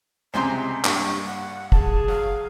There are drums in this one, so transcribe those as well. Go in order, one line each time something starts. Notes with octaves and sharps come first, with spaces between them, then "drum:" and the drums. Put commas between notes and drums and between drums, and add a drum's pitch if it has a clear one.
C#2 C3 C5 G5 G#5 A#5 C6
G2 A#3 D4 G4 C#6, drum: clap
F#5
G#4 A5, drum: kick
F#3 F5